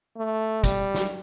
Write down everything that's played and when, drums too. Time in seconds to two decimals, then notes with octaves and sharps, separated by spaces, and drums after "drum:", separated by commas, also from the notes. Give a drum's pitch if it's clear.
0.17 A3
0.64 G3, drum: kick, hi-hat
0.95 drum: snare